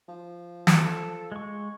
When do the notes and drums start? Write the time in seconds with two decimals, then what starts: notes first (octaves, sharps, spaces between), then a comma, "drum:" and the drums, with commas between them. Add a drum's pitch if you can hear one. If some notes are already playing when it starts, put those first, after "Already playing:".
0.09 F3
0.67 drum: snare
0.78 A4
1.32 G#3 C#6